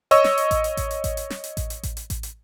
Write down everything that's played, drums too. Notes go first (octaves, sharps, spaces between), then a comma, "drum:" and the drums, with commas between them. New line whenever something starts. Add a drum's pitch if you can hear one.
C#5 D#5 C#6 E6, drum: hi-hat
drum: snare
drum: hi-hat
drum: kick A1, hi-hat
drum: hi-hat
drum: kick A1, hi-hat
drum: hi-hat
drum: kick A1, hi-hat
drum: hi-hat
drum: snare
drum: hi-hat
drum: kick A1, hi-hat
drum: hi-hat
drum: kick A1, hi-hat
drum: hi-hat
drum: kick A1, hi-hat
drum: hi-hat